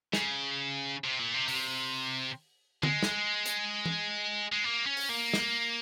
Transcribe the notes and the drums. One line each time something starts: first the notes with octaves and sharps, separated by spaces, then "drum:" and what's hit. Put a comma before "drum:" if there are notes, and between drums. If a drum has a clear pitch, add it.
C#3, drum: snare
C3
A#2
C3
C3, drum: open hi-hat
G#3, drum: tom D3
drum: snare
drum: hi-hat
drum: tom E3
G#3
A#3
C#4
drum: open hi-hat
A#3
drum: snare